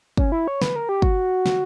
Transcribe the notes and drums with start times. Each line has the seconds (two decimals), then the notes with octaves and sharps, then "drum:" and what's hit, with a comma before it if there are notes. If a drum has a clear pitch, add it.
0.18 C#4, drum: kick
0.32 E4
0.48 C#5
0.62 B4, drum: snare
0.76 A#4
0.89 G4
1.02 F#4, drum: kick
1.46 drum: snare